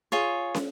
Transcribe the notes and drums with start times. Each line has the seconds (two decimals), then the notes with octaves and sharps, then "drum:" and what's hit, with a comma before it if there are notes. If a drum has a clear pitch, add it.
0.12 F4 G#4 C#5
0.54 drum: snare